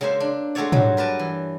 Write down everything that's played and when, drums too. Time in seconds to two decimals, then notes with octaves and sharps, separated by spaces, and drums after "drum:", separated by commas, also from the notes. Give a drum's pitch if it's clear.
0.01 C#3 G#3 A#3 C5 E5
0.20 D4
0.55 G#3 A3 F#4 A4 C#5 D5
0.72 G2 F#3 G#3, drum: tom
0.97 A#4 B4 D5 A5
1.19 E3